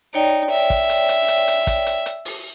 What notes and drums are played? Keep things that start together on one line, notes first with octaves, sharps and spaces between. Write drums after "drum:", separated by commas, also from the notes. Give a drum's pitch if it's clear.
D#4 C#5 D5 G5
E5
drum: kick
drum: hi-hat
drum: hi-hat
drum: hi-hat
drum: hi-hat
drum: kick, hi-hat
drum: hi-hat
drum: hi-hat
drum: open hi-hat